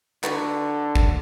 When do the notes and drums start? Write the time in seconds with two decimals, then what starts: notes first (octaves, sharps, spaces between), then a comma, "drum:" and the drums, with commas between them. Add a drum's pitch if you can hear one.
0.24 D3 F#4 B4, drum: clap
0.95 drum: kick